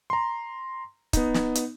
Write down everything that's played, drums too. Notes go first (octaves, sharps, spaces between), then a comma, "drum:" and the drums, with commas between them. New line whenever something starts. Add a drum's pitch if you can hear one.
A#5 C6
B3 D#4, drum: kick, hi-hat
drum: snare
drum: hi-hat